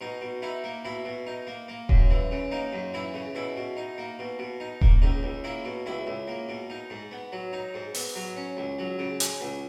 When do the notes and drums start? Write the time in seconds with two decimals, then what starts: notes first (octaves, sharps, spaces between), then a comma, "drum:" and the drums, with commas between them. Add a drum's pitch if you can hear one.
0.01 B2 D#4
0.21 B2
0.42 D#4 E4
0.64 A#3
0.85 B2 E4
1.05 B2
1.27 D#4
1.47 A#3
1.68 A#3
1.89 F#2, drum: kick D#1
2.10 E3
2.31 C#3
2.51 A#3 D#4
2.73 F#2
2.94 E3 E4
3.14 C#3
3.35 B2 E4
3.57 B2
3.77 D#4
3.98 A#3
4.19 B2
4.39 B2
4.60 D#4
4.81 A#3, drum: kick D#1
5.02 C#2 D#4
5.23 C#2
5.44 A#3 E4
5.65 B2
5.86 C#2 E4
6.07 C#2
6.28 A#3
6.49 B2
6.70 D#4
6.90 G#2
7.11 B3
7.32 F#3
7.53 D#4
7.74 G#2
7.94 B3, drum: open hi-hat
8.15 F#3
8.36 C#4
8.57 C#2
8.79 F#3
8.99 C#3
9.20 C#4, drum: hi-hat
9.41 C#2